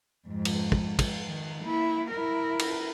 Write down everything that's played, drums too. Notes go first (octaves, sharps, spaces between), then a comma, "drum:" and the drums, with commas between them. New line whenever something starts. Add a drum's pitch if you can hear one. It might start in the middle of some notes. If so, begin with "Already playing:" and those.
F2 G#2
drum: cymbal
drum: kick
drum: kick, cymbal
D#3
A#3 E4
E4 A#4
drum: cymbal